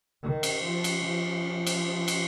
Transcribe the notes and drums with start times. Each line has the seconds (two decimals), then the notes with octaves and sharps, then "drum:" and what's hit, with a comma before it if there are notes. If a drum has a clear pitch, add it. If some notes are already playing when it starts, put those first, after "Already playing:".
0.23 D#3
0.43 drum: cymbal
0.64 F3
0.84 drum: cymbal
1.05 F3
1.67 drum: cymbal
2.08 drum: cymbal